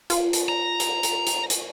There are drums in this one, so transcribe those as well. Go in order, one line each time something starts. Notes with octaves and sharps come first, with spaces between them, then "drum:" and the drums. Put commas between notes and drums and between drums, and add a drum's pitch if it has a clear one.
F4, drum: hi-hat
drum: hi-hat
A#5
drum: hi-hat
drum: hi-hat
drum: hi-hat
drum: hi-hat